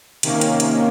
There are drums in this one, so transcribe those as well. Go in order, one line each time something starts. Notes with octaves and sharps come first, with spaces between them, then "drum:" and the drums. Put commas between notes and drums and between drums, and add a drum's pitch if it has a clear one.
C3 D#3 A#3 C#4, drum: hi-hat
drum: hi-hat
drum: hi-hat